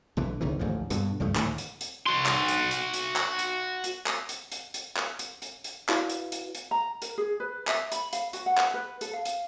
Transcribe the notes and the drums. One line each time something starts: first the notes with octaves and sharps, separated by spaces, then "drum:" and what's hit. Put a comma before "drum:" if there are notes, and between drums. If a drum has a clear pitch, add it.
B1 D3 E3
G#1 C#2 D#3 E3
A1 D2 G#2 F3
G2 B2 D3, drum: hi-hat
C#2 G2 F3 A3
D2 A2 D#3 E3, drum: clap
drum: hi-hat
drum: hi-hat
F#4 C6
drum: clap
drum: hi-hat
drum: hi-hat
drum: hi-hat
drum: clap
drum: hi-hat
drum: hi-hat
drum: clap
drum: hi-hat
drum: hi-hat
drum: hi-hat
drum: clap
drum: hi-hat
drum: hi-hat
drum: hi-hat
E4 F#4 B4 D5 F5, drum: clap
drum: hi-hat
drum: hi-hat
drum: hi-hat
A#5
A#4, drum: hi-hat
G#4
B4
E5, drum: clap
B5, drum: hi-hat
F5, drum: hi-hat
F#4, drum: hi-hat
F#5
drum: clap
B4
A4, drum: hi-hat
F5
drum: hi-hat